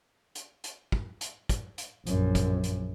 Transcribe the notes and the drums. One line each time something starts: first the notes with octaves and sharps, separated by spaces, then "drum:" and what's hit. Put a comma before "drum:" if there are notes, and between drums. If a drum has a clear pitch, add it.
drum: hi-hat
drum: hi-hat
drum: kick
drum: hi-hat
drum: kick, hi-hat
drum: hi-hat
A#1 F#2, drum: hi-hat
drum: kick, hi-hat
drum: hi-hat